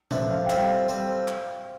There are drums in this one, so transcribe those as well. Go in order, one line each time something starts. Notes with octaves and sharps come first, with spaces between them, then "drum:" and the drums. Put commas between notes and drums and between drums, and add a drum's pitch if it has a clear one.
F3 B3 D4 A4 E5, drum: tom A#2
F5
G5
G3 C4 F4 A4 C5 F5, drum: clap
G3 C4 F4 A4 C5
drum: clap